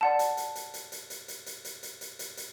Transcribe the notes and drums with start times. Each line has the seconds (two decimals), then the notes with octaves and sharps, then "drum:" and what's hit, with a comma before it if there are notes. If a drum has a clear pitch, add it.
0.01 D5 F#5 A5
0.19 drum: hi-hat
0.37 drum: hi-hat
0.55 drum: hi-hat
0.74 drum: hi-hat
0.92 drum: hi-hat
1.10 drum: hi-hat
1.28 drum: hi-hat
1.46 drum: hi-hat
1.65 drum: hi-hat
1.83 drum: hi-hat
2.01 drum: hi-hat
2.19 drum: hi-hat
2.37 drum: hi-hat